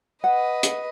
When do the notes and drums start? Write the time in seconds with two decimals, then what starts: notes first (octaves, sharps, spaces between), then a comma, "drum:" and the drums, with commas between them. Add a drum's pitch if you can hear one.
0.24 B4 D#5 F#5
0.63 drum: hi-hat